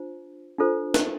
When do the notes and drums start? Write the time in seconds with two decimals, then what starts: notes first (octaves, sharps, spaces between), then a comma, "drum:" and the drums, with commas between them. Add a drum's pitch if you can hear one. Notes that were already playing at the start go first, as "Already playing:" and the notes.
Already playing: D4 F4 C5
0.58 D4 F4 A4 C5
0.94 drum: snare